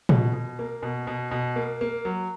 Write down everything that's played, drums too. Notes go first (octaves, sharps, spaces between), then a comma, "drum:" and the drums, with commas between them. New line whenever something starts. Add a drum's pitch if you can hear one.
B2, drum: tom A#2
B2
A#3
B2
B2
B2
A#3
A#3
F#3